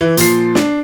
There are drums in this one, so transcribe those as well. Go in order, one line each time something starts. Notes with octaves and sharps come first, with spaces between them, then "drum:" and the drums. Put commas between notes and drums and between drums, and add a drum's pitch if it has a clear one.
E3
A#2 F3 C7, drum: hi-hat
D4, drum: snare